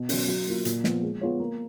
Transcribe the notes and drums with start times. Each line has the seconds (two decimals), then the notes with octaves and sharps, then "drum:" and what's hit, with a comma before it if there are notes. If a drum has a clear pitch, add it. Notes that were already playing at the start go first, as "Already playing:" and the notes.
Already playing: B2
0.09 F#3 C#4, drum: open hi-hat
0.28 F#3
0.47 A#3 F4
0.65 A#2, drum: hi-hat
0.84 F3 B3, drum: snare
1.02 G#3
1.21 B3 F4 G#4 C#5
1.39 A#3